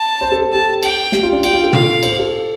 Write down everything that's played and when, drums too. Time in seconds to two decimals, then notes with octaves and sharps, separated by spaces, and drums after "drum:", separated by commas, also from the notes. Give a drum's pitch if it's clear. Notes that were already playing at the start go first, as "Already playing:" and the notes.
Already playing: A5
0.21 C5
0.32 A4
0.42 A4
0.52 G4 A5
0.83 G5, drum: cymbal
1.12 G4, drum: snare
1.23 F4
1.32 D4
1.43 F4 G5, drum: cymbal
1.53 F4
1.64 A4
1.73 F5, drum: tom
2.03 C5, drum: cymbal
2.19 A4